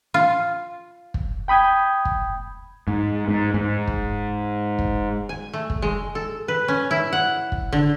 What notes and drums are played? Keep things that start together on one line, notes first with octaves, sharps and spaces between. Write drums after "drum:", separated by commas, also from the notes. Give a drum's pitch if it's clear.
F4
drum: kick
G5 B5 D#6 G6 G#6
drum: kick
G#2
G#2
G#2
drum: kick
drum: kick
G#5
A3
drum: kick
G#3
A4
B4
C#4
E4
F#5
drum: kick
D3